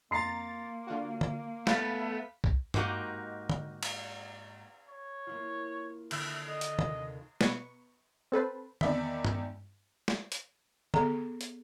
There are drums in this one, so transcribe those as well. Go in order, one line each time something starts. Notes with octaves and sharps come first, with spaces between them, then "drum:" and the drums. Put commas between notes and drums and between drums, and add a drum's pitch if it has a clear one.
F2 A#3 A#5 C6 A6 C7
D3 F4 F#4
drum: tom D3
A3 B3 F5 B5 B6, drum: snare
drum: kick B1
G#2 A#3 D#4 F#4 G4 D#5, drum: tom G2
drum: tom D3
drum: cymbal
C#5
A#3 E4 F4
D3 E5, drum: cymbal
A4 D#5
drum: hi-hat
D#2 C3, drum: tom D3
B2 B4 C#6, drum: snare
C4 A4 B4 C5
E2 D#3 D5 E5 B5 B6, drum: tom D3
drum: tom G2
drum: snare
drum: hi-hat
B3 G#4 A4 A#5, drum: tom D3
drum: hi-hat